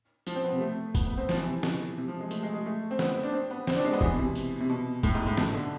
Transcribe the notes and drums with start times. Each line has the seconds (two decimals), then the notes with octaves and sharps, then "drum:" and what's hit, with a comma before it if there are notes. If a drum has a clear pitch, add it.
0.27 F3, drum: tambourine
0.36 C4
0.44 B3
0.52 C3
0.61 A3
0.95 B3, drum: kick, tambourine
1.07 B3
1.17 C4
1.29 F3, drum: snare
1.38 E3
1.46 C3
1.63 B2, drum: snare
1.98 C3
2.08 F3
2.20 G#3
2.31 A3, drum: tambourine
2.43 G#3
2.54 G#3
2.66 A3
2.91 C4
2.99 B3, drum: snare
3.23 D4
3.33 C4
3.51 B3
3.67 C4, drum: snare
3.76 D4
3.85 G#3
3.93 B3
4.01 E3, drum: kick
4.13 B2
4.18 C3
4.35 drum: tambourine
4.60 C3
4.70 B2
5.03 A2, drum: kick, tambourine
5.15 G#2
5.26 A2
5.37 B2, drum: snare
5.54 D3